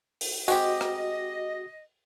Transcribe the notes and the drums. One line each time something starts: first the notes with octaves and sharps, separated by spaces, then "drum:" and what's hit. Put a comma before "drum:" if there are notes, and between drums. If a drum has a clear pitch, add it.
drum: open hi-hat
G#3 C4 F#4 G4 D#5, drum: tambourine
drum: rim click